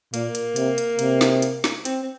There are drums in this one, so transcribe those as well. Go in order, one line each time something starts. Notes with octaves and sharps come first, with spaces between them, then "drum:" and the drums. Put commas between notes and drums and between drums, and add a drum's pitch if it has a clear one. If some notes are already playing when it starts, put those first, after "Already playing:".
A#2 A#3, drum: hi-hat
drum: hi-hat
C3, drum: hi-hat
drum: hi-hat
C3, drum: hi-hat
drum: snare
drum: hi-hat
drum: snare
C4, drum: hi-hat
C4